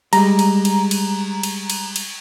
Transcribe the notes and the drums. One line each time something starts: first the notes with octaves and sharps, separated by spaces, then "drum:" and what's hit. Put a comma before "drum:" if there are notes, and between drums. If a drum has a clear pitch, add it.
G3 G#3 A#5, drum: cymbal
drum: cymbal
drum: cymbal
drum: cymbal
drum: cymbal
drum: cymbal
drum: cymbal